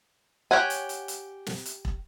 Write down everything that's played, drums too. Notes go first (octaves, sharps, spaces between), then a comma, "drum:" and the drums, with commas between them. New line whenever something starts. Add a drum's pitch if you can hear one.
G4 C#5 F#5 G#5
drum: hi-hat
drum: hi-hat
drum: hi-hat
drum: snare
drum: hi-hat
drum: kick E1